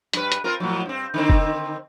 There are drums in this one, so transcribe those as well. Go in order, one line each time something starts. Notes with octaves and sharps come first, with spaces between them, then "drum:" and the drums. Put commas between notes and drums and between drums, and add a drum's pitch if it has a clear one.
G2 B4, drum: hi-hat
drum: hi-hat
C4 F4 A#4
A2 F3 F#3
G2 C4
D3 D#3 C4
drum: kick